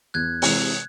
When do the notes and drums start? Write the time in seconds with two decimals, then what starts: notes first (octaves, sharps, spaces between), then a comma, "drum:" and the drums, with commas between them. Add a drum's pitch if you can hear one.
0.14 E2 F#6 G#6
0.42 C3 E3 G#3 C4, drum: open hi-hat